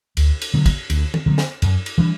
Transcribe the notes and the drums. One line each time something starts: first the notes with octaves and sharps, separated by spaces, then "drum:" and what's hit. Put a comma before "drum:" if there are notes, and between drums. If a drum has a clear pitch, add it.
D2, drum: cymbal
drum: cymbal
D3 F#3 B3
drum: kick, cymbal
D2, drum: cymbal
drum: tom
D3 F#3 B3
drum: snare
F#2, drum: cymbal
drum: cymbal
E3 G3 D4